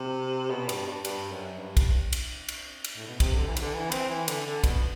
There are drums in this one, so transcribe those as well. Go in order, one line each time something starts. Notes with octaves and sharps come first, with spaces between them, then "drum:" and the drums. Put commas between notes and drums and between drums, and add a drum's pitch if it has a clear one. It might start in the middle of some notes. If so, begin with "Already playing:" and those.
Already playing: C3
B2
G2, drum: cymbal
G2
G2, drum: cymbal
F#2
G2
drum: kick, cymbal
drum: cymbal
drum: cymbal
drum: cymbal
A2
B2
C3, drum: kick, cymbal
D3
E3
C3, drum: cymbal
D3
E3
C4, drum: cymbal
E3
D3, drum: cymbal
D3
B2, drum: kick, cymbal